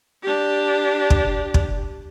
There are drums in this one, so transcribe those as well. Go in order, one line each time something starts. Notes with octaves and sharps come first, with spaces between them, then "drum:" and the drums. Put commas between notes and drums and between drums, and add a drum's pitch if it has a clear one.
D4 G4
drum: kick
drum: kick